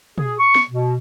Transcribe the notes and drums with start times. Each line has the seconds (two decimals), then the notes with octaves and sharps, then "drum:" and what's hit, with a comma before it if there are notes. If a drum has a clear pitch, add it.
0.18 G#4, drum: tom
0.39 C#6
0.55 drum: snare
0.70 B2